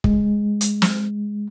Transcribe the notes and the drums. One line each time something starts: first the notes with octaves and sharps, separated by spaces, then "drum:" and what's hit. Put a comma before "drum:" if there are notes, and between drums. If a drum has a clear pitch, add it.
G#3, drum: kick
drum: hi-hat
drum: snare